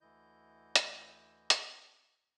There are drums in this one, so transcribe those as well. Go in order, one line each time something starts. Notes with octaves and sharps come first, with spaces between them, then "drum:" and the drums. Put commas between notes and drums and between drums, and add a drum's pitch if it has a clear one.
D2 D3 E3 E4 D#5 G6
drum: hi-hat
drum: hi-hat